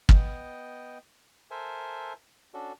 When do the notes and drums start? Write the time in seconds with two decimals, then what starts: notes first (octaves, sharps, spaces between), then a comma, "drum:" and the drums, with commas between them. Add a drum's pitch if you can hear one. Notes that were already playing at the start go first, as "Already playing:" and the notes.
0.09 B3 D#5 G5, drum: kick
1.51 A4 A#4 C5 E5 G#5
2.54 C#4 D4 F#4 A4